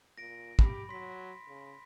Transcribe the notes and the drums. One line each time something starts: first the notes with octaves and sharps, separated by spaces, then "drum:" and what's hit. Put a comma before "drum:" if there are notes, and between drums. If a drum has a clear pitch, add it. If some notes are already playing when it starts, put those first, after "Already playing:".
A#2 A#6 D7
G4 B5, drum: kick
F#3 C6 B6
C#3